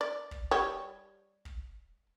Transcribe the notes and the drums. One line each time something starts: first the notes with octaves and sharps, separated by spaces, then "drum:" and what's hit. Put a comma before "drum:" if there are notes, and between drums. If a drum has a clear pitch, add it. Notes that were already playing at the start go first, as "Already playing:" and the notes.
D5
drum: kick
G3 G4 C#5
drum: kick